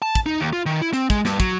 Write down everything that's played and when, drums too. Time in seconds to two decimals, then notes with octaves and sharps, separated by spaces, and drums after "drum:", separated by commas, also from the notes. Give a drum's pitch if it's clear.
0.02 A5
0.15 drum: kick, hi-hat
0.26 D#4
0.40 D#2
0.53 F4
0.66 D#3
0.82 E4
0.94 C4, drum: hi-hat
1.10 G#3, drum: kick, hi-hat
1.25 G2, drum: snare
1.40 F#3, drum: kick, hi-hat